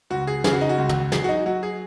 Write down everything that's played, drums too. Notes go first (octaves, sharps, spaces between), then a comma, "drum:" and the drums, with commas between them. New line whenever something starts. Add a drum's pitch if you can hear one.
C#2 F#4
G#4
C#3 G#4, drum: snare
F#4
D#4
F#4
C#2
drum: tom
F#3 G#4, drum: snare
F#4
D#4
F#3 F#4
G#4